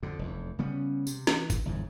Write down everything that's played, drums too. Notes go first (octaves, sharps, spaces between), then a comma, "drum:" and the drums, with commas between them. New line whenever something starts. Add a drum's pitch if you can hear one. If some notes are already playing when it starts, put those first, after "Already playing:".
F2 D3
F1 E2
C#3 G3 B3 C#4
C3, drum: tambourine
E3, drum: snare
drum: kick, tambourine
G1 E2 G#2